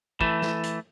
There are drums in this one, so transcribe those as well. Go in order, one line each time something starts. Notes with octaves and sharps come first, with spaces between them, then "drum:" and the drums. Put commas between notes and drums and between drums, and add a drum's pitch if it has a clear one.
E3 A3, drum: kick
drum: snare
drum: hi-hat